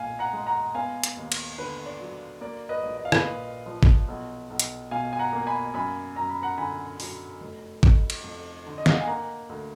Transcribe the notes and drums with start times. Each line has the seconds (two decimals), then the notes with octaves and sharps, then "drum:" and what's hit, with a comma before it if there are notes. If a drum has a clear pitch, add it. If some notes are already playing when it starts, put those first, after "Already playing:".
Already playing: B1 A#2 F5 G#5
0.19 F#5 A#5
0.33 G#3
0.47 F#5 A#5
0.75 B3 F5 G#5
1.04 drum: hi-hat
1.17 D#2
1.32 drum: cymbal
1.58 D3 B4
1.86 D5
2.00 F#3
2.41 A#3 D5
2.69 B4 D#5
2.83 A#1
2.97 D#5
3.05 F5
3.12 B4 D#5, drum: rim click
3.25 A#2
3.66 F3
3.83 drum: kick
4.08 B1
4.50 B1
4.59 drum: hi-hat
4.91 B2 F5 G#5
5.13 G#5
5.19 F#5 A#5
5.33 A#3
5.47 G#5 B5
5.74 F#2 G#5 B5
6.16 F#2 A#5
6.29 B5
6.42 F#5 A#5
6.58 D3 G#5 B5
7.00 F#3, drum: open hi-hat
7.41 F1
7.83 F1, drum: kick
8.10 drum: cymbal
8.24 F2
8.66 D3
8.78 D#5
8.86 F5, drum: snare
8.93 F#5
9.01 G#5
9.07 A#3 F#5 A#5
9.49 D2